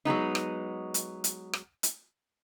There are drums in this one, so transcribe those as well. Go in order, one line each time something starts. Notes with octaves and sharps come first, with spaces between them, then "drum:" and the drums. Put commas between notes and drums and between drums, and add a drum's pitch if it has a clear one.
F#3 G#3 B3 D#4
drum: rim click
drum: hi-hat
drum: hi-hat
drum: rim click
drum: hi-hat